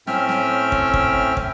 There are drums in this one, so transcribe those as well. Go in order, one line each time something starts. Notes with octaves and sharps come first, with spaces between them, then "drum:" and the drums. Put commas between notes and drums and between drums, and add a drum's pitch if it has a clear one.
A2 C4 C#4 E5 G5 F6, drum: snare
drum: snare
drum: kick
drum: kick
drum: kick